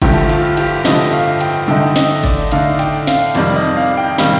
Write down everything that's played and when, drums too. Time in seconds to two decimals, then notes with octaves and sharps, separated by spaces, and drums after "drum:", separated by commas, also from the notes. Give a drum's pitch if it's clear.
0.02 G2 D3 F3 A3 G4, drum: kick, cymbal
0.29 F4, drum: cymbal
0.57 G4, drum: cymbal
0.85 G2 D3 F3 A3 D#5, drum: snare
1.13 F5, drum: cymbal
1.40 G5, drum: cymbal
1.68 D3 A3 D#4 G5, drum: tom F#3
1.96 D#5, drum: snare
2.24 D5, drum: kick, cymbal
2.51 D3 A3 D#4 F5, drum: cymbal
2.79 G5, drum: cymbal
3.07 F5, drum: snare
3.35 F2 C3 D#3 G3 D5, drum: cymbal
3.56 D#5
3.77 F5
3.97 G5
4.18 C3 D#3 G3 F5, drum: snare